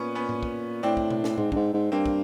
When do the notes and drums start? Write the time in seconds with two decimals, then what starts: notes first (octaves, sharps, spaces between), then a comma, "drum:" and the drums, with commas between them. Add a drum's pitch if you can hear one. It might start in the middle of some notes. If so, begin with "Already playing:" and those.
Already playing: A#2 B3 C#4
0.15 B3 C#4
0.29 drum: tom A2
0.43 drum: kick
0.83 A2 C4 D4
0.97 drum: kick
1.11 drum: tom B2
1.24 drum: snare
1.38 G#2, drum: tom A2
1.52 G2, drum: kick
1.56 G#2
1.74 G#2
1.92 G2 A#3 C4
2.06 drum: kick